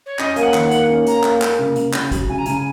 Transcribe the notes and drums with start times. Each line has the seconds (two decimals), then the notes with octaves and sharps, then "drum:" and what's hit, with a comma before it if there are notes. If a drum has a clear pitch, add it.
0.06 C#5
0.19 C#4 D#5, drum: clap
0.36 A#3 G#5, drum: hi-hat
0.42 F#5
0.54 D#3, drum: clap
0.65 F#5
0.71 A#3, drum: hi-hat
0.89 C#4
1.07 A#3 A#5, drum: hi-hat
1.23 A#3, drum: clap
1.42 A#3, drum: clap
1.59 C#3
1.76 C#3, drum: hi-hat
1.93 C#3, drum: clap
2.11 F#3, drum: kick, hi-hat
2.29 C#3 G#5
2.38 A#5
2.46 C#3 G#5, drum: hi-hat